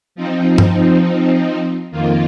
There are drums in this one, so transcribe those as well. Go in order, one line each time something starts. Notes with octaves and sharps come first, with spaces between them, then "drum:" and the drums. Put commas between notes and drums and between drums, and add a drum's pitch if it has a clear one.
F3 C4 D#4
drum: tom G2
F2 D#3 A#3 F4